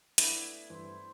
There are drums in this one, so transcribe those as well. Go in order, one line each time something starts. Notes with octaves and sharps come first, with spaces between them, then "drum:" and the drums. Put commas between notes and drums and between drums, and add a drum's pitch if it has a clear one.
A3 B3 D4 E4, drum: hi-hat
G2 E3 C5